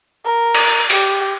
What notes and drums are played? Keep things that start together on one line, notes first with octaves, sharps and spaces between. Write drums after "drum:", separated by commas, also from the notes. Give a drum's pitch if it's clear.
A#4
drum: cymbal
G4, drum: open hi-hat